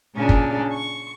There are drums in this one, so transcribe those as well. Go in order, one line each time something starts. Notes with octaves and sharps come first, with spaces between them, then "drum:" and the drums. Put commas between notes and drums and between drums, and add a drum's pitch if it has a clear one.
A#2 C#3 C#4 D4
drum: kick
C#6